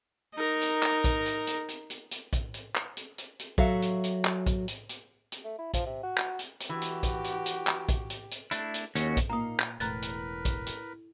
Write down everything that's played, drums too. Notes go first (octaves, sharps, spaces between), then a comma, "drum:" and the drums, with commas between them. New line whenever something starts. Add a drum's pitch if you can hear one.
D#4 A#4
drum: hi-hat
drum: clap
drum: kick A#1, hi-hat
drum: hi-hat
drum: hi-hat
drum: hi-hat
drum: hi-hat
drum: hi-hat
drum: kick A#1, hi-hat
drum: hi-hat
drum: clap
drum: hi-hat
drum: hi-hat
drum: hi-hat
F#3 F#4 A4 E5 F5, drum: kick A#1
drum: hi-hat
drum: hi-hat
drum: clap
drum: kick A#1, hi-hat
drum: hi-hat
drum: hi-hat
drum: hi-hat
A3
E4
F3, drum: kick A#1, hi-hat
C3
F#4
drum: clap
drum: hi-hat
drum: hi-hat
E3 F#4 G4
drum: hi-hat
drum: kick A#1, hi-hat
drum: hi-hat
drum: hi-hat
drum: clap
drum: kick A#1, hi-hat
drum: hi-hat
drum: hi-hat
A3 D4 E4, drum: hi-hat
drum: hi-hat
D#2 C#4 F#4, drum: hi-hat
drum: kick A#1, hi-hat
A#2 A#3 D#4 F5 A#5 D#6
drum: clap
E1 A2 A#4 B4 A#5 F#6 A6, drum: hi-hat
drum: hi-hat
drum: kick A#1, hi-hat
drum: hi-hat